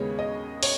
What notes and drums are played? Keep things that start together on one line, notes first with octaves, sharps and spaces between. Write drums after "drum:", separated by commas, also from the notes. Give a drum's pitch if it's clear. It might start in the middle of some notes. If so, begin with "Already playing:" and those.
Already playing: D#2 C#3 G#3 B3 C#5
D#5
C#5, drum: open hi-hat